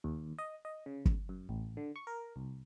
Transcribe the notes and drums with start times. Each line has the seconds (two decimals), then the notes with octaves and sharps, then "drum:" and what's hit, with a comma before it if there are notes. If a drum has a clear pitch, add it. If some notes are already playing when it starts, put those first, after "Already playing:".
0.04 D#2
0.38 D#5
0.65 D#5
0.86 C#3
1.05 drum: kick
1.29 F#2
1.49 A1
1.77 D3
1.96 C#6
2.07 A#4
2.36 C2